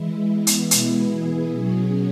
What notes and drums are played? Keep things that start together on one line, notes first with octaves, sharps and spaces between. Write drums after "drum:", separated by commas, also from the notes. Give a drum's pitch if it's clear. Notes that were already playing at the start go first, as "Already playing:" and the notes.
Already playing: E3 G#3 E4
E3 B3 E4
drum: hi-hat
B2 G#3 B3 E4, drum: hi-hat
E3 B3 E4 G#4
B2 F#3 C#4